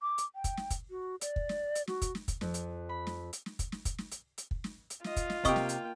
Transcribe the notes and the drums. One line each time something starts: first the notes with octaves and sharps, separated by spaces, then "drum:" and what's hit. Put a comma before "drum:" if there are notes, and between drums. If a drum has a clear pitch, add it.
D6
drum: hi-hat
G5
drum: kick, hi-hat
drum: snare
drum: kick, hi-hat
F#4
D5, drum: hi-hat
drum: kick
drum: snare
drum: hi-hat
F#4, drum: snare
drum: kick, hi-hat
drum: snare
drum: kick, hi-hat
F2, drum: snare
drum: hi-hat
B5
drum: snare
drum: hi-hat
drum: snare
drum: kick, hi-hat
drum: snare
drum: kick, hi-hat
drum: snare
drum: hi-hat
drum: hi-hat
drum: kick
drum: snare
drum: hi-hat
F4 D#5, drum: snare
drum: kick, hi-hat
drum: snare
C3 A#3 G4 D#5 G5 C#6 D#6, drum: kick, hi-hat
drum: snare
drum: hi-hat